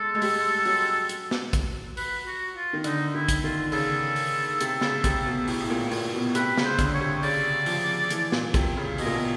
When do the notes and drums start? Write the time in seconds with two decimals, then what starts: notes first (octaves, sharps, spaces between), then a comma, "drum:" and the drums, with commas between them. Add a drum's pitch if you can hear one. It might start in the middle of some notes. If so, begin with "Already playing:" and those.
Already playing: G#3 A4
0.15 G#3
0.22 G3, drum: open hi-hat
0.65 F#3, drum: open hi-hat
1.09 drum: hi-hat
1.31 drum: snare
1.53 drum: kick, hi-hat
1.97 B4, drum: open hi-hat
2.26 F#4
2.56 F4
2.73 D#3
2.84 D3 D#4, drum: hi-hat
3.14 D#3 E4
3.28 drum: kick, hi-hat
3.43 D#3 F4
3.72 C#3 A4, drum: open hi-hat
4.16 drum: open hi-hat
4.61 C3, drum: hi-hat
4.81 C#3, drum: snare
5.04 C3, drum: kick, hi-hat
5.26 B2
5.48 A2, drum: open hi-hat
5.60 A2
5.70 A#2
5.91 A#2, drum: open hi-hat
6.14 B2
6.35 C3 B4, drum: hi-hat
6.57 C#3, drum: snare
6.64 C5
6.79 D3, drum: kick, hi-hat
6.94 C#5
7.00 C3
7.23 C#3 D5, drum: open hi-hat
7.66 F3, drum: open hi-hat
8.10 E3, drum: hi-hat
8.32 A#2, drum: snare
8.54 C3, drum: kick, hi-hat
8.77 C#3
8.98 B2 D#5, drum: open hi-hat
9.06 A#2
9.13 B2